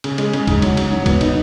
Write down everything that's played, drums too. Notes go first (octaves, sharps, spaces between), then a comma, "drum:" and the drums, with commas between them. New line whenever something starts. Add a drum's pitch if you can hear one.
C#3, drum: cymbal
G#3, drum: cymbal
C#3, drum: cymbal
G#2, drum: kick, cymbal
F#3, drum: cymbal
G#2, drum: cymbal
F#3
B3, drum: kick, cymbal
D#4, drum: cymbal